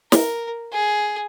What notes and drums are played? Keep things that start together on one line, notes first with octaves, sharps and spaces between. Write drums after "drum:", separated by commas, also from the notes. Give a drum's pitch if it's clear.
A#4, drum: snare
G#4